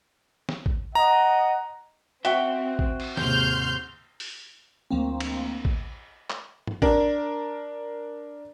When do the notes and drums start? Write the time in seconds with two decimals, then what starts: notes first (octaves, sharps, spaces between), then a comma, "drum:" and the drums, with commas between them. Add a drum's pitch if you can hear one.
0.49 drum: snare
0.66 drum: kick A1
0.95 D#5 F#5 A#5
2.25 C4 F#4 E5 G5, drum: hi-hat
2.79 drum: kick A1
3.00 drum: cymbal
3.17 D#2 G#2 C3 C6 F6 G6, drum: snare
4.20 drum: open hi-hat
4.91 D2 F3 A#3 C4
5.20 drum: cymbal
5.65 drum: kick A1
6.30 drum: clap
6.67 drum: tom G2
6.82 D4 A#4, drum: kick A1